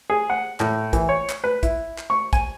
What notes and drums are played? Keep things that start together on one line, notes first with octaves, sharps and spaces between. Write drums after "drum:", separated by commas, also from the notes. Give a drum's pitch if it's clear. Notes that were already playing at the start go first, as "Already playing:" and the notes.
G#4
F#5
A2, drum: clap
E3, drum: kick, hi-hat
C#5
drum: clap
B4
E4, drum: kick, hi-hat
drum: clap
C#6
G#5, drum: kick, hi-hat